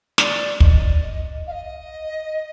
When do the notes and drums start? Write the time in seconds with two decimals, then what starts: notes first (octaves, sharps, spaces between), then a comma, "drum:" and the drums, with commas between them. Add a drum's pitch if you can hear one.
0.18 D5, drum: snare
0.60 D#5, drum: kick
1.47 F5
1.51 D#5